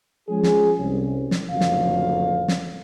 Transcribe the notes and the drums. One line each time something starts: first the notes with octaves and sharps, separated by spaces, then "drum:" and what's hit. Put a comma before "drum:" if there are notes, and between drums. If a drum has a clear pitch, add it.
F3 G#3 C#4 G#4
drum: snare
C2 C3 C#4
drum: snare
F#1 F2 A2 D3 F#3 F5
drum: snare
drum: snare